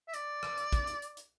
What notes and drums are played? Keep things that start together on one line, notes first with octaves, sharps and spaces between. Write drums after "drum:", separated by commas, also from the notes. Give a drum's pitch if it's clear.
E5
D5, drum: hi-hat
drum: rim click
drum: hi-hat
drum: kick, hi-hat
drum: hi-hat
drum: hi-hat
drum: hi-hat